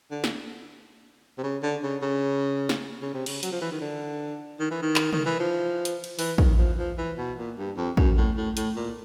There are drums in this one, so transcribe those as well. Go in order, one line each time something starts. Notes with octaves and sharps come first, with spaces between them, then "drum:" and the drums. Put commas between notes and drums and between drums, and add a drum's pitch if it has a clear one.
D3
drum: snare
C3
C#3
D3
C#3
C#3
drum: snare
C#3
C3
C#3, drum: cymbal
F#3, drum: hi-hat
F3
E3
D#3
D3
D#3
E3
D#3
drum: clap
D#3, drum: tom
E3
F3
drum: hi-hat
drum: cymbal
E3, drum: open hi-hat
D#3, drum: kick
F3
F3
E3
B2
A#2
G2
F2
F#2, drum: kick
A2
A2
A2, drum: hi-hat
A#2